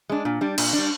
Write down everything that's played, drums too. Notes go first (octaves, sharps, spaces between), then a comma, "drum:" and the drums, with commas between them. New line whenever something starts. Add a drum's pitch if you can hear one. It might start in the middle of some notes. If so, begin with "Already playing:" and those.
G#3 D4
A#2
G3 D4
A#2, drum: cymbal
D4
G3